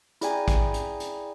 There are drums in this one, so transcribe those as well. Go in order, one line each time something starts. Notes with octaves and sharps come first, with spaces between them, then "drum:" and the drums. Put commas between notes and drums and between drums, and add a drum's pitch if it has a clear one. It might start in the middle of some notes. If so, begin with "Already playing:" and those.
E4 G#4 D5 G5 G#5 A#5, drum: hi-hat
drum: kick, hi-hat
drum: hi-hat
drum: hi-hat